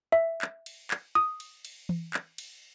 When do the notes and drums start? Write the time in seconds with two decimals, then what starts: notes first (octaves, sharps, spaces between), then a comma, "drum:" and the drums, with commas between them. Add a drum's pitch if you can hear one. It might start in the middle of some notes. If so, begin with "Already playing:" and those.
0.12 E5
0.42 drum: clap
0.66 drum: cymbal
0.91 drum: clap
1.15 D#6
1.40 drum: cymbal
1.65 drum: cymbal
1.89 drum: tom E3
2.14 drum: clap
2.38 drum: cymbal